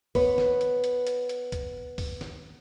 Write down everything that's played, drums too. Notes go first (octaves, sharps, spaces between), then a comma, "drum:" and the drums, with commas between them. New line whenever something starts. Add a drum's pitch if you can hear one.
B3 B4 C#5, drum: kick, open hi-hat
drum: snare
drum: hi-hat
drum: hi-hat
drum: hi-hat
drum: hi-hat
drum: kick, hi-hat
drum: kick, open hi-hat
drum: snare